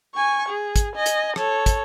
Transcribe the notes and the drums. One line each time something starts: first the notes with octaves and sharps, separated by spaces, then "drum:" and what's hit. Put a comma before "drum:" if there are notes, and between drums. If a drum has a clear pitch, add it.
G#5 C#6
G#4
drum: kick, hi-hat
D#5 G#5
drum: hi-hat
A4 C#5, drum: rim click
drum: kick, hi-hat